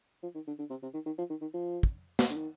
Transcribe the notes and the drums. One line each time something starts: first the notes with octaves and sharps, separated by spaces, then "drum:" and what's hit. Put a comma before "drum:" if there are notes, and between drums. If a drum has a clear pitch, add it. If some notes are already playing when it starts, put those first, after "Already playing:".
F3
D#3
D3
D3
C3
C3
D#3
D#3
F3
D#3
D#3
F3
drum: kick
drum: snare
D3
D#3